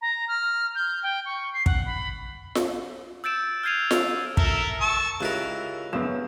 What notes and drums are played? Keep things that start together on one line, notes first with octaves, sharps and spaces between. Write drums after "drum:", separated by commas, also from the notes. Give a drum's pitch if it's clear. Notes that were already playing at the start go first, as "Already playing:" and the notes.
A#5
F6
G6
G5
C#6
C7
F#5, drum: kick
B5
drum: snare F4
E6 G6 A6 D7 E7
F6 G6 G#6 C7 D#7 F7
drum: snare F4
A4 A#4 E5, drum: kick
A5 C#6 E6
C#2 E4 G4 A#4 F#6
F#2 C#3 B3 G#4 E5 E7